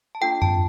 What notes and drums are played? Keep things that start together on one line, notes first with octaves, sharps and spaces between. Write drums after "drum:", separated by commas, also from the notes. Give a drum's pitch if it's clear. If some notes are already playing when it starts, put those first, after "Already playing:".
A5
A#3 D4 F4 A4 G5
A5, drum: tom F#2